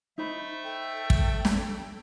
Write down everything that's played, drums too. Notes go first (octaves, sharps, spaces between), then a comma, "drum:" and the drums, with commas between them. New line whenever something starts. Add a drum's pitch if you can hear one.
A3 D#4 C5 E5 B5
A4 G5
drum: kick
drum: snare